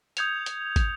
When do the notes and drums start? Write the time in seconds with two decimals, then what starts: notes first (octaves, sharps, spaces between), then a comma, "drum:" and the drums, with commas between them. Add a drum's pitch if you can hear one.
0.17 D#6 G6 G#6 C#7 F7, drum: hi-hat
0.46 drum: hi-hat
0.76 drum: kick, hi-hat